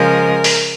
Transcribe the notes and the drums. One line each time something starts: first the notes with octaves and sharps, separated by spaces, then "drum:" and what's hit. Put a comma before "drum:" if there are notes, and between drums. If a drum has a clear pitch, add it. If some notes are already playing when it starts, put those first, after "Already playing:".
Already playing: C#3 F3 G#3 A#4
drum: open hi-hat